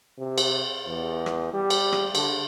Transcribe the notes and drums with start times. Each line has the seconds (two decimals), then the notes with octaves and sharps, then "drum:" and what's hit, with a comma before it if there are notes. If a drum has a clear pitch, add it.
0.18 C3
0.38 drum: cymbal
0.86 E2
1.26 drum: rim click
1.53 G3
1.70 drum: cymbal
1.93 drum: rim click
2.15 D3, drum: cymbal